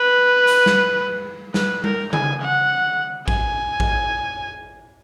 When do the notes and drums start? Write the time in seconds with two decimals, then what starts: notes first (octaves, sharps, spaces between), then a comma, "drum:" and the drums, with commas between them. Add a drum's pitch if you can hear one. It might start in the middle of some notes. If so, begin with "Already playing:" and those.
Already playing: B4
0.47 drum: hi-hat
0.66 drum: snare
1.54 B4, drum: snare
1.84 A#4, drum: tom G3
2.13 G#5, drum: tom C#3
2.41 F#5
3.28 G#5, drum: kick A1
3.80 drum: kick A1